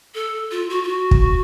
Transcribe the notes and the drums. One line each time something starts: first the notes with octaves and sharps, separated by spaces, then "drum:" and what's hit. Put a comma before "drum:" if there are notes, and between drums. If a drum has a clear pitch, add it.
A4
F4
F#4
F4
F#4
drum: kick